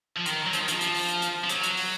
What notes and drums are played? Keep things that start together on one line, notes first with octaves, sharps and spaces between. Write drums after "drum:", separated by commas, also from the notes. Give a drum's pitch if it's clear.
F3
D#3, drum: hi-hat
F#3
F3, drum: hi-hat
D#3
F3, drum: hi-hat
drum: hi-hat
drum: open hi-hat
drum: hi-hat
drum: hi-hat
F3
F#3, drum: hi-hat
drum: hi-hat
drum: open hi-hat